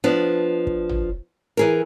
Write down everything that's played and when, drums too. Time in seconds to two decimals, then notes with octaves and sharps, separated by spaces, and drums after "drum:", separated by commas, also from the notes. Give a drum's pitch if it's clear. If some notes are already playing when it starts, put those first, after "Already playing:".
0.04 F3 B3 D4
0.67 drum: kick
0.89 drum: tom
1.57 E3 G#4 A#4